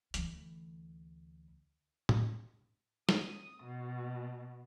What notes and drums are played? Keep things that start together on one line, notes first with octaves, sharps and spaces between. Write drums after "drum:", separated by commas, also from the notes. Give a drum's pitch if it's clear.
D2 E3, drum: hi-hat
drum: tom
D#6, drum: snare
B2